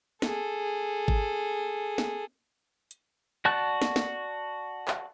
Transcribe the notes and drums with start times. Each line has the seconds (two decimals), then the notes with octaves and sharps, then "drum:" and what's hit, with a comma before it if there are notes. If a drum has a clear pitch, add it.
0.22 G#4 A4, drum: snare
1.08 drum: kick G#1
1.98 drum: snare
2.91 drum: hi-hat
3.45 F#4 D5 A5 C#6 F#6
3.82 drum: snare
3.96 drum: snare
4.88 drum: clap